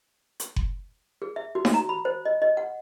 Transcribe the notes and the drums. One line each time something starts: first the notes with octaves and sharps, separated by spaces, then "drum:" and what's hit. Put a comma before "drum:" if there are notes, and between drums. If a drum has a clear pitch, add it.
drum: hi-hat
drum: kick F#1
G#4
E5
F#4
drum: snare D#4
A#5
B5
C5
D#5
D#5
F#5